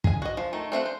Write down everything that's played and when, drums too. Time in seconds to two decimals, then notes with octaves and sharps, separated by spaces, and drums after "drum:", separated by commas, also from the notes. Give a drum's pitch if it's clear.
0.04 G#4 G#5, drum: kick
0.22 F#4 D#5
0.37 F3
0.53 D#3 A3
0.72 A3 C4 E5 F#5
0.86 C5